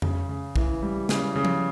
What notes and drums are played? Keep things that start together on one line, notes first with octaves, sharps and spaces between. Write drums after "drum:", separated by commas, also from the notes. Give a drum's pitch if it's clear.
C#3, drum: tom F2
C#3
E3, drum: kick
G3
C#3, drum: snare
C#3
drum: tom F3